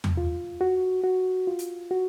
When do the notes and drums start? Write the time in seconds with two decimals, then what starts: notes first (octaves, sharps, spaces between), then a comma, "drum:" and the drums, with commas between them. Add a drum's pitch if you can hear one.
0.04 drum: tom E2
0.17 F4
0.61 F#4
1.04 F#4
1.47 F4
1.59 drum: hi-hat
1.91 F#4